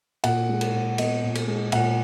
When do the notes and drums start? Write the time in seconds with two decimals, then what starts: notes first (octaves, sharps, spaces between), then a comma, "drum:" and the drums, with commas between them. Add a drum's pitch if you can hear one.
0.24 A#2 F#5, drum: cymbal
0.49 G#3
0.61 drum: cymbal
0.73 A#2
0.98 B3 D#5, drum: cymbal
1.23 A#2
1.35 drum: cymbal
1.47 G#3
1.72 A#2 F#5, drum: cymbal